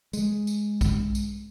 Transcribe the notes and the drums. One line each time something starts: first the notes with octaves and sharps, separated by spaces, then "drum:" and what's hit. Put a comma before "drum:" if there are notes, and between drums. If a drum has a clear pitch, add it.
G#3, drum: tambourine
drum: tambourine
drum: kick B1, tambourine
drum: tambourine